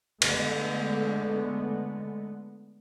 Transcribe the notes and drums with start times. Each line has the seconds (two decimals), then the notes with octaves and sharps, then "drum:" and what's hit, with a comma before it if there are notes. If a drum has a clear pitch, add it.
0.22 D3 G#3 A3 B3, drum: cymbal